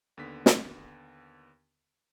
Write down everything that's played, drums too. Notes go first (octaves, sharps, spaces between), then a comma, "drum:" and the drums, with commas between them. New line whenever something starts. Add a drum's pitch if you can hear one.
D#2 D3 B3 B6
drum: snare